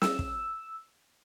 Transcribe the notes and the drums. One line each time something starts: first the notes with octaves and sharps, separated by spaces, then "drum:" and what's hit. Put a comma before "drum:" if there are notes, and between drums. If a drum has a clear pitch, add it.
E6, drum: snare
drum: kick